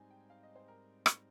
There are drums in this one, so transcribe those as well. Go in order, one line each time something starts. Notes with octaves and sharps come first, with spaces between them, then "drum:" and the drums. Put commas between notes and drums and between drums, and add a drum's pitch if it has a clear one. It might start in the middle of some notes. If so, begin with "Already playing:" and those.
Already playing: G#2 G3 C4 D#4 G#5
G5
F5
D#5
C5
A#4
drum: rim click